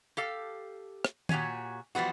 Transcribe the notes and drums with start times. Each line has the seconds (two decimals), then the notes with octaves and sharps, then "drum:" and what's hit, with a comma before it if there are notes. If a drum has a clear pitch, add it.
0.17 G4 A4 F5
1.05 drum: rim click
1.29 A#2 F#4 G4 C#5 G#5, drum: tom D#3
1.95 E3 F3 G3 B3 F#4